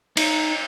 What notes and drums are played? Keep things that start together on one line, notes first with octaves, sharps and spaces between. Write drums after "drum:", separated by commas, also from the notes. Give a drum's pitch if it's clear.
D#4, drum: cymbal